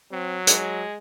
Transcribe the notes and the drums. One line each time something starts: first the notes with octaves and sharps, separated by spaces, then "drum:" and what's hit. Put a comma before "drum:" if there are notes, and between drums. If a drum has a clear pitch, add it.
F#3 C4
G#3, drum: hi-hat